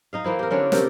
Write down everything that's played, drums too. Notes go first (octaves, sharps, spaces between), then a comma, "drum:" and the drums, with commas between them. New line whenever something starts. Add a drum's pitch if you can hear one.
D#4 D#5 F5
E3 A#3 C4 E4
G4 A#4
D3 C#4 D4 A#4
C3 G4 A4 A#4, drum: snare